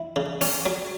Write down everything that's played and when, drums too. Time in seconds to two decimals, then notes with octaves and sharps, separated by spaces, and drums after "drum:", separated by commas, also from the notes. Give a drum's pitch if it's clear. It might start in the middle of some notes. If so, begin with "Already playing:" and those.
Already playing: E4
0.16 C#3
0.41 C#4, drum: open hi-hat
0.66 F#3